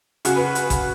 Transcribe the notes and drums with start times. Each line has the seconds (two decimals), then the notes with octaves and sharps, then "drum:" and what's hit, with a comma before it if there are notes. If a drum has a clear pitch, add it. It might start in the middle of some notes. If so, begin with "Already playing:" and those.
0.25 C#3 F#4, drum: hi-hat
0.36 B4
0.55 drum: hi-hat
0.70 drum: kick A1, hi-hat